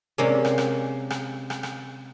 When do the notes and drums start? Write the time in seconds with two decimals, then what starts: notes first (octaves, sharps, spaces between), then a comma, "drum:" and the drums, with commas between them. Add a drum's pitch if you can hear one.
0.18 C3 G#3 A#3 C4 C#4
0.45 drum: rim click
0.58 drum: rim click
1.10 drum: rim click
1.50 drum: rim click
1.63 drum: rim click